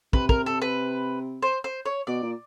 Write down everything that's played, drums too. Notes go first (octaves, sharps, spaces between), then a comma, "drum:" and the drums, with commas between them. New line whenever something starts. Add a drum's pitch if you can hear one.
C3 B4, drum: kick
A#4, drum: kick
A4
B4
C5
C5
C#5
B2 D5
A#2